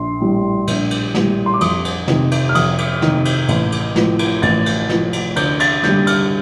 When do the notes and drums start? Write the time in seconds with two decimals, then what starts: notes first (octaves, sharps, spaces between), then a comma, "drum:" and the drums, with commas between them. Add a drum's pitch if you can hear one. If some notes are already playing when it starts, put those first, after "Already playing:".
Already playing: A#1 C6
0.20 A2 G3
0.67 A#1, drum: cymbal
0.91 drum: cymbal
1.15 A2 G3, drum: snare
1.46 C6
1.54 D6
1.61 F2 D#6, drum: cymbal
1.85 drum: cymbal
2.08 C3 D#3, drum: snare
2.32 drum: cymbal
2.49 F6
2.55 F2 D#6, drum: cymbal
2.78 drum: cymbal
3.02 C3 D#3, drum: snare
3.25 drum: cymbal
3.48 A1, drum: cymbal
3.72 drum: cymbal
3.96 A2 F3, drum: snare
4.19 drum: cymbal
4.42 A1 A6, drum: cymbal
4.66 drum: cymbal
4.89 A2 F3, drum: snare
5.13 drum: cymbal
5.36 D2 G6, drum: cymbal
5.60 A6, drum: cymbal
5.83 D3 G3 G6, drum: snare
6.07 F6, drum: cymbal